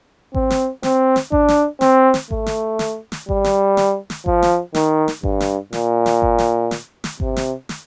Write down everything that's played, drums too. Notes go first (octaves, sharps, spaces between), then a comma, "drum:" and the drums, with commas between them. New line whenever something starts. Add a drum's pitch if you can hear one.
C4, drum: kick G#1
drum: snare
C4, drum: snare
drum: snare
D4, drum: kick G#1
drum: snare
C4, drum: snare
drum: snare
A3, drum: kick G#1
drum: snare
drum: snare
drum: snare
G3, drum: kick G#1
drum: snare
drum: snare
drum: snare
F3, drum: kick G#1
drum: snare
D#3, drum: snare
drum: snare
G2, drum: kick G#1
drum: snare
A#2, drum: snare
drum: snare
drum: kick G#1
drum: snare
drum: snare
drum: snare
C3, drum: kick G#1
drum: snare
drum: snare